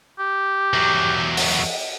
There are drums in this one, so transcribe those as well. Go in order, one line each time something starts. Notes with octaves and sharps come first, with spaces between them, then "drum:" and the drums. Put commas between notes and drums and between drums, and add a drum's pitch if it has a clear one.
G4
E2 F#3
drum: open hi-hat